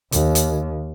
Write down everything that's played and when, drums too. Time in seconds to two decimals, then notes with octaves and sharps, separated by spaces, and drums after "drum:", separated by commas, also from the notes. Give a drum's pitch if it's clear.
0.12 D#2, drum: hi-hat
0.35 drum: hi-hat